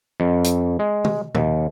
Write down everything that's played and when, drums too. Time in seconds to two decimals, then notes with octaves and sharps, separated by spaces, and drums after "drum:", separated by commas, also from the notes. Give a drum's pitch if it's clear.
0.20 F2
0.44 drum: hi-hat
0.79 G#3
1.05 drum: tom
1.35 D#2, drum: tom A#2